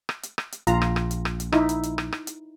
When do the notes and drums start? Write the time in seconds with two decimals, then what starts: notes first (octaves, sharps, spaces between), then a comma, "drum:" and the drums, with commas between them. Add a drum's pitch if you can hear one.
0.09 drum: rim click
0.23 drum: hi-hat
0.38 drum: rim click
0.52 drum: hi-hat
0.67 A#1 F4 A#5, drum: hi-hat
0.82 drum: rim click
0.96 drum: rim click
1.11 drum: hi-hat
1.25 drum: rim click
1.40 drum: hi-hat
1.52 D#4 E4, drum: rim click
1.69 drum: hi-hat
1.83 drum: hi-hat
1.98 drum: rim click
2.12 drum: rim click
2.27 drum: hi-hat